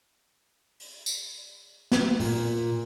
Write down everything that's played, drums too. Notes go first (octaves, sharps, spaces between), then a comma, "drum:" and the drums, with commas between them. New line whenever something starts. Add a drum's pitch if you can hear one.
drum: open hi-hat
drum: tambourine
drum: snare
A#2, drum: open hi-hat